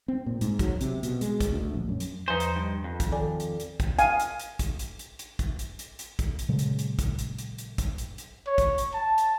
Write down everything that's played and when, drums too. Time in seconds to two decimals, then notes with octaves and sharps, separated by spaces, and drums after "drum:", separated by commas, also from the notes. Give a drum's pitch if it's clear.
0.08 C4
0.26 A#2
0.41 G#2, drum: hi-hat
0.59 F#3, drum: kick, hi-hat
0.81 C3, drum: hi-hat
1.03 B2, drum: hi-hat
1.21 G#3, drum: hi-hat
1.40 drum: kick, hi-hat
1.53 D2
1.74 A#1
1.89 F#2
2.00 drum: hi-hat
2.28 E2 F3 D#4 B4 C5
2.40 drum: hi-hat
2.56 G2
2.84 F2
3.00 drum: kick, hi-hat
3.12 D#3 A4 D5 G#5
3.40 drum: hi-hat
3.60 drum: hi-hat
3.80 drum: kick, hi-hat
3.99 F5 G#5, drum: hi-hat
4.20 drum: hi-hat
4.39 drum: hi-hat
4.59 drum: kick, hi-hat
4.79 drum: hi-hat
4.99 drum: hi-hat
5.19 drum: hi-hat
5.39 drum: kick, hi-hat
5.59 drum: hi-hat
5.79 drum: hi-hat
5.99 drum: hi-hat
6.19 drum: kick, hi-hat
6.39 drum: hi-hat
6.49 A#2 C#3 F#3 G#3
6.59 drum: hi-hat
6.79 drum: hi-hat
6.99 drum: kick, hi-hat
7.19 drum: hi-hat
7.38 drum: hi-hat
7.58 drum: hi-hat
7.78 drum: kick, hi-hat
7.98 drum: hi-hat
8.18 drum: hi-hat
8.47 C#5
8.58 drum: kick, hi-hat
8.78 drum: hi-hat
8.94 A5
9.18 drum: hi-hat